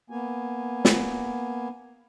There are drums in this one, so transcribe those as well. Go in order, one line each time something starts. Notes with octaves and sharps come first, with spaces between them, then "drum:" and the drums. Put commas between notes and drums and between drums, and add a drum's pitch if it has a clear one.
A#3 B3 G#5
drum: snare